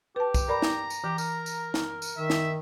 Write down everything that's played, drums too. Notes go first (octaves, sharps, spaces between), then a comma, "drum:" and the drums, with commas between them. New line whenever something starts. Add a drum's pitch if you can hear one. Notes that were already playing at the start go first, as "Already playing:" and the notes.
G4 B4 A5
drum: kick, tambourine
A#4 D5 A#5 B5
drum: snare
drum: tambourine
E3 G4
A#4, drum: tambourine
drum: tambourine
drum: snare
drum: tambourine
D#3 E5
drum: snare